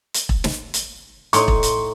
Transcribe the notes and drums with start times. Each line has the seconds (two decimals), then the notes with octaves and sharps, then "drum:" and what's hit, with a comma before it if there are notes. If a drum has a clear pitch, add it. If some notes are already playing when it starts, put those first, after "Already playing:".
0.14 drum: hi-hat
0.29 drum: kick E1
0.44 drum: snare
0.74 drum: hi-hat
1.33 A2 D#4 C6 C#6, drum: hi-hat
1.48 drum: kick E1
1.63 drum: hi-hat